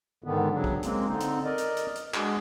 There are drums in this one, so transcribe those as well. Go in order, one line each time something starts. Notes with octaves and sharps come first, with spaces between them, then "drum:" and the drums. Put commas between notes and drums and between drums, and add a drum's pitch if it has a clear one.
G#2 D3 D#3 B3
C#3 F#3 D4
drum: kick
G#3 A#3 C4, drum: hi-hat
D3 C4 D#4
drum: hi-hat
A#4 D5 D#5
drum: hi-hat
drum: hi-hat
drum: hi-hat
G#3 D4 F#4 G#4, drum: clap